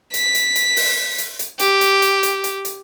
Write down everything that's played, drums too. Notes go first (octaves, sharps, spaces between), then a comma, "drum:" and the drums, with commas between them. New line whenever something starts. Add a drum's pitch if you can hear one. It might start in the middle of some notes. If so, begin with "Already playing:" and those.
B6, drum: hi-hat
drum: hi-hat
drum: hi-hat
drum: open hi-hat
drum: hi-hat
drum: hi-hat
G4, drum: hi-hat
drum: hi-hat
drum: hi-hat
drum: hi-hat
drum: hi-hat
drum: hi-hat